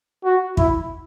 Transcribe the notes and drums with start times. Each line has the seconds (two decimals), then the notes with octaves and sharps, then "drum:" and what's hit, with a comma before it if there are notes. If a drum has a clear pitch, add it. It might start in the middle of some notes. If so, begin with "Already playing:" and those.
0.24 F#4
0.57 E4, drum: kick